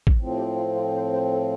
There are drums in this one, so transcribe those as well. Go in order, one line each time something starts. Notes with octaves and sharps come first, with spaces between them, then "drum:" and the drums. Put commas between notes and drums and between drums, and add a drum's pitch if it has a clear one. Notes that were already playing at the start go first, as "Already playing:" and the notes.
drum: kick
A2 F3 C4
G4
F4
F4
C5
C5
A4